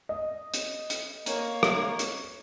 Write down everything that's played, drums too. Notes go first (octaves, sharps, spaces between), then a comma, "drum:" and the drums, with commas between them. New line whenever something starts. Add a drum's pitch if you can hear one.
D#5
drum: hi-hat
drum: hi-hat
A#3 C#5, drum: hi-hat
drum: rim click
drum: hi-hat